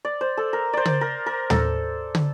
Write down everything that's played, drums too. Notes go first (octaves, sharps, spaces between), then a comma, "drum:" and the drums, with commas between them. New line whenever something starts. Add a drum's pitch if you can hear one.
D5
C5
A4
A#4
C5 D5
drum: tom
A#4
A#4
A4, drum: tom
drum: tom